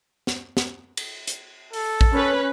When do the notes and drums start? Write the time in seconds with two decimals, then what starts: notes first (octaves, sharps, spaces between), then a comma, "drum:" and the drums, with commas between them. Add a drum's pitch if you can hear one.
0.27 drum: snare
0.57 drum: snare
0.97 drum: cymbal
1.27 drum: hi-hat
1.73 A4, drum: open hi-hat
2.01 drum: kick A1
2.14 C#4 B4